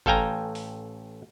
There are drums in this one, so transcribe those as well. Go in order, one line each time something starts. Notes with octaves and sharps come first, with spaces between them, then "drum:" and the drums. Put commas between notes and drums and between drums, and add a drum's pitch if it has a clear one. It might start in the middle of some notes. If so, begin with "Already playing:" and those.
A1 A4 F5 G5 G#5 A#5, drum: kick G1
drum: open hi-hat